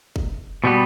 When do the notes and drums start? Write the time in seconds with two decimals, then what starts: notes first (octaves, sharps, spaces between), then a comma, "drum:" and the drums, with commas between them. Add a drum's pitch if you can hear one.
0.16 drum: kick
0.64 B2 G3 B3